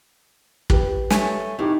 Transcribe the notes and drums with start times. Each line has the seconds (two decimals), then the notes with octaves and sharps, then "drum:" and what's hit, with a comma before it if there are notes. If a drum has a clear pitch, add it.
0.70 G4 B4, drum: kick
1.10 A3 C#5 G#5, drum: snare
1.59 A2 D#4 G4 D6